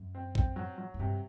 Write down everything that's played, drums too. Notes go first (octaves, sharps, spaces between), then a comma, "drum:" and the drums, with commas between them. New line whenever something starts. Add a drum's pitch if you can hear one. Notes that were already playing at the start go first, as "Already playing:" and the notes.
Already playing: F#2
C4
C4, drum: kick
F#3
F#3
A2
G2 C3